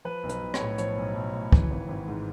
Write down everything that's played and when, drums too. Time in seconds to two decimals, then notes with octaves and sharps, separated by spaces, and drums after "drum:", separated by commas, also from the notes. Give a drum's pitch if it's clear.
0.05 F3 B4
0.23 B1
0.29 B4, drum: hi-hat
0.42 B1
0.54 C#5, drum: rim click
0.60 A2
0.78 F3 C#5, drum: hi-hat
0.97 B1
1.16 B1
1.33 A2
1.53 E3, drum: kick
1.70 G#1
1.89 G#1
2.07 G#2